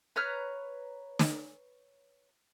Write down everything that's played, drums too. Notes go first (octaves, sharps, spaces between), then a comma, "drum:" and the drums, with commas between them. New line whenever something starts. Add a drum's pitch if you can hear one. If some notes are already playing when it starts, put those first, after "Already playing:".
B4 C#5 A#5 F6
drum: snare